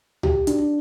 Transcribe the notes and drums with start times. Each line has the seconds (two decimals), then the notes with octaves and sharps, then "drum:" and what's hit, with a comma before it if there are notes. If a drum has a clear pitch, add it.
0.23 G4, drum: tom C#2
0.47 D4, drum: hi-hat